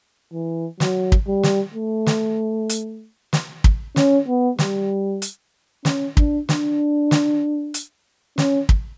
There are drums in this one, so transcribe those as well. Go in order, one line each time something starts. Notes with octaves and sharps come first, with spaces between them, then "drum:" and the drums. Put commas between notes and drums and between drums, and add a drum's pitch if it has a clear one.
E3
F#3, drum: snare
drum: kick
G3
drum: snare
A3
drum: snare
drum: hi-hat
drum: snare
drum: kick
C#4, drum: snare
B3
G3, drum: snare
drum: hi-hat
C#4, drum: snare
D4, drum: kick
D4, drum: snare
drum: snare
drum: hi-hat
C#4, drum: snare
drum: kick